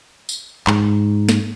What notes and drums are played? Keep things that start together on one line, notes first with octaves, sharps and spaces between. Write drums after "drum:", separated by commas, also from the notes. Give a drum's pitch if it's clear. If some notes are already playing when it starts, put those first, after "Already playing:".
drum: tambourine
G#2, drum: clap
drum: snare